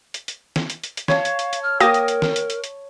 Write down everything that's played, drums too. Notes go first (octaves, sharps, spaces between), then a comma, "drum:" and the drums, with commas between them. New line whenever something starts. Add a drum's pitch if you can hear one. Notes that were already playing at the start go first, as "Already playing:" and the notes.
drum: hi-hat
drum: hi-hat
drum: snare
drum: hi-hat
drum: hi-hat
drum: hi-hat
C#5 F5 A5, drum: snare
drum: hi-hat
drum: hi-hat
drum: hi-hat
F6
A#3 G4 A#4 D#6 A#6, drum: hi-hat
drum: hi-hat
drum: hi-hat
drum: snare
drum: hi-hat
drum: hi-hat
drum: hi-hat